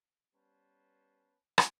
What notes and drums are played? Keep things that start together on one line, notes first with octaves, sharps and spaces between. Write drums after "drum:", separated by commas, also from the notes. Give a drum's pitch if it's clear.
G3 B3 C#4 B4 C5 A5
drum: rim click